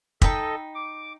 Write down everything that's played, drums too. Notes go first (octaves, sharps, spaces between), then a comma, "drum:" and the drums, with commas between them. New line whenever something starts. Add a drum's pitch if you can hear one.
D#4 A4 D#5 G5 B5, drum: kick
D6